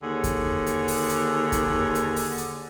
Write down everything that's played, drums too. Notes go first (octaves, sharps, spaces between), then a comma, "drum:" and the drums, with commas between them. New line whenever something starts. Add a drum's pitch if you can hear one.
D#2 D3 G#4
drum: kick E2, hi-hat
drum: hi-hat
drum: open hi-hat
drum: hi-hat
drum: kick E2, hi-hat
drum: hi-hat
drum: open hi-hat
drum: hi-hat